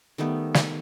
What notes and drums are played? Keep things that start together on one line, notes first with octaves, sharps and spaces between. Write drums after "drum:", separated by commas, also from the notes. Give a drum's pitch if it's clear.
D#3 G3 A3 B3
drum: snare